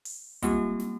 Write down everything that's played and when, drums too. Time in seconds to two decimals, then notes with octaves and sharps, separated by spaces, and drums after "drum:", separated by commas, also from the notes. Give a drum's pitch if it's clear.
0.05 drum: open hi-hat
0.42 G3 G#3 A#3 C4 F4 G4, drum: kick, hi-hat
0.80 drum: snare